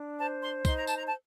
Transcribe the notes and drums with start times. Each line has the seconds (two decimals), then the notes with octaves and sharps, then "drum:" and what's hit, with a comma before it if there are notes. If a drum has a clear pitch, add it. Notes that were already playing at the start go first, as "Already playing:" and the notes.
Already playing: D4
0.18 C5 A5
0.42 C6
0.65 D#4 C6, drum: kick, tambourine
0.76 A#5
0.87 A5, drum: tambourine
0.97 A#5
1.07 A5